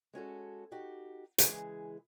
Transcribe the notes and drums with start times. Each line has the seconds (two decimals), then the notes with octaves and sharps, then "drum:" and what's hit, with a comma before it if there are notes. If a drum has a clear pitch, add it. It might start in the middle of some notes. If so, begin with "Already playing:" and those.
0.13 G#3 C#4 F#4 A4
0.72 D#4 F#4 G4
1.38 C#3 E3 G#3 G#4, drum: hi-hat